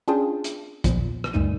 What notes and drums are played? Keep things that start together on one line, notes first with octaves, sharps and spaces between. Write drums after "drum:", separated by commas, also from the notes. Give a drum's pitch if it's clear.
C#4 D4 F4 G#4 G5 A5
drum: hi-hat
E2 A#2 F3, drum: kick, hi-hat
drum: rim click
C#2 F#2 A#2 D#4 D#7